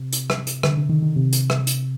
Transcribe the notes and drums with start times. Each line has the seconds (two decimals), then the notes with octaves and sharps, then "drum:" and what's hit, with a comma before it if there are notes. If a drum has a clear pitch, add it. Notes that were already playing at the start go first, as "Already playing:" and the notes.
Already playing: C3
0.13 drum: hi-hat
0.30 drum: rim click
0.47 drum: hi-hat
0.63 D3, drum: rim click
0.77 D3
0.89 D#3
1.02 D#3
1.16 C3
1.33 drum: hi-hat
1.50 drum: rim click
1.67 drum: hi-hat